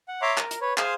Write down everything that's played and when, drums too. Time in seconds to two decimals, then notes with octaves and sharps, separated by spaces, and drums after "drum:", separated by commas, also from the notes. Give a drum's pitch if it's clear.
0.08 F#5
0.22 C#5 E5 A#5 C6 D6
0.38 A#4, drum: clap
0.51 drum: hi-hat
0.61 B4 C#5
0.78 G#4 C5 F5 G#5 C6, drum: clap